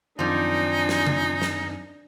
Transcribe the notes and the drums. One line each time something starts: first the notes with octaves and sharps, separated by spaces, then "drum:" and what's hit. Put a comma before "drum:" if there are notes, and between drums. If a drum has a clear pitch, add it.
F#2 D#3 F3 G3 C4 D4 D#4 G#5
drum: snare
drum: tom C#3
drum: snare